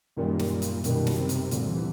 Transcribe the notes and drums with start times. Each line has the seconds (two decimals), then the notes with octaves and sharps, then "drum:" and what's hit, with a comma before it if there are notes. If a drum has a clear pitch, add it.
0.17 F#2 A#2 D#3 G3
0.39 drum: snare
0.62 drum: hi-hat
0.84 F#2 B2 D#3 G3, drum: hi-hat
1.07 drum: snare
1.18 C3
1.29 drum: hi-hat
1.51 D2 A#2 D3 G3 C4, drum: hi-hat
1.68 E3